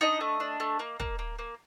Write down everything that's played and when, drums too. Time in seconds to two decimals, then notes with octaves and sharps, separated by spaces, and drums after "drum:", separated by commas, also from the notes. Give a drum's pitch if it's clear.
0.01 D4 D#4 D#5
0.21 A3
0.40 D4
0.60 A3
0.79 A#3
1.00 A#3, drum: kick
1.19 A#3
1.39 A#3